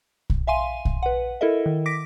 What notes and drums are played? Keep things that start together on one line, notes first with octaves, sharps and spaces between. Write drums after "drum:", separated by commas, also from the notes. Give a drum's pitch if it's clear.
drum: kick
E5 F5 G#5 C6 D#7
drum: kick
B4 F#5
E4 A4 A#4 D#5 E5
D#3
D6 A#6 B6 D7